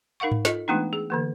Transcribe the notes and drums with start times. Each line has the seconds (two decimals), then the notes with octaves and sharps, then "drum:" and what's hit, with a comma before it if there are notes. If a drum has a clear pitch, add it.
0.20 D#4 A#4 F5 F#5 C#6
0.31 drum: tom G#2
0.45 F4 A4 D#5, drum: snare
0.68 E3 G#3 A3 B3 D4 D#4
0.93 G#4
1.10 D3 E3 A#3